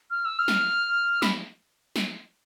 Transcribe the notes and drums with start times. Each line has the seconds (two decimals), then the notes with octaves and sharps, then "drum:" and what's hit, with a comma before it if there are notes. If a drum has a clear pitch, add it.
0.11 F6
0.25 E6
0.39 F6
0.48 drum: snare
1.22 B5, drum: snare
1.96 drum: snare